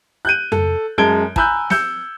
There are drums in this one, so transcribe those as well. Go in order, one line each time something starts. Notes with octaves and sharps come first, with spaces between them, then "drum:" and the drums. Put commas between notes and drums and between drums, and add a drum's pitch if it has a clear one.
F#6 G6 D#7
A4, drum: tom F2
F#2 G#3 A5 G#6 D7 G7
G#5 A#5 B5 E6 F#6 G6, drum: kick
E6 G6 C#7, drum: snare